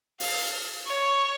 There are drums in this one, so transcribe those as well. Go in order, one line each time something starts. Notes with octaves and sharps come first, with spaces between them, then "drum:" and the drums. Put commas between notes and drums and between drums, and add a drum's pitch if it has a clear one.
F5, drum: open hi-hat
C#5